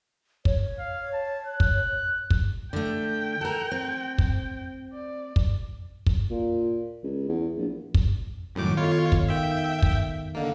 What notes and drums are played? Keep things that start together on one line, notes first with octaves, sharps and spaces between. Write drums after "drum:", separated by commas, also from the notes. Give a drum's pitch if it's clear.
C#5, drum: kick
F5
A5
F#6
drum: kick
drum: kick
D3 A3 G5
A4 A#4
C4
drum: kick
D5
drum: kick
drum: kick
A#2
C#2
E2
A#1
drum: kick
F#2 A2 D#3 G3 D6
B3 F4 A4 C#5 D#5
drum: kick
D#4 A#4 E5 F5 G5
drum: kick
D3 A#3 A4 D#5 F5